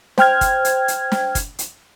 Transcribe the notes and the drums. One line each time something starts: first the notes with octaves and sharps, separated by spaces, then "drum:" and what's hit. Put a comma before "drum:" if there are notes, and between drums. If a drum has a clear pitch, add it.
C5 G5 F6 G#6, drum: snare
drum: kick, hi-hat
drum: hi-hat
drum: hi-hat
drum: snare
drum: kick, hi-hat
drum: hi-hat